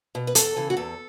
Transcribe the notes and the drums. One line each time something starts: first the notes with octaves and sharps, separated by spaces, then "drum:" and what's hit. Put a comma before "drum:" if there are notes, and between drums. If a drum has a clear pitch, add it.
B2
B4
E2 A4, drum: hi-hat
C#3 E3
F#4
E2 A4